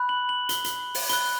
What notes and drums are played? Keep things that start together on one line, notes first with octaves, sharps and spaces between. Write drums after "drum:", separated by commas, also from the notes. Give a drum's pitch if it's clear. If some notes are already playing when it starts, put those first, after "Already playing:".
Already playing: B5 F#6
F#7
F#7
G7, drum: hi-hat
drum: hi-hat
drum: open hi-hat
B5 F#6 G7, drum: hi-hat